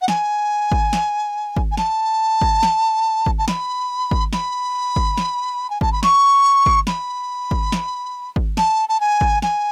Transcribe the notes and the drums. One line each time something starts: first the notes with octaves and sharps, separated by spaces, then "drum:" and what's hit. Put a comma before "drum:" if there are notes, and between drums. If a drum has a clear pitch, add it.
F#5
G#5, drum: snare
drum: kick G#1
drum: snare
drum: kick G#1
G#5
A5, drum: snare
drum: kick G#1
drum: snare
drum: kick G#1
A5
B5, drum: snare
drum: kick G#1
B5, drum: snare
drum: kick G#1
drum: snare
G#5
A5, drum: kick G#1
B5
C#6, drum: snare
drum: kick G#1
B5, drum: snare
drum: kick G#1
drum: snare
drum: kick G#1
A5, drum: snare
A5
G#5
drum: kick G#1
G#5, drum: snare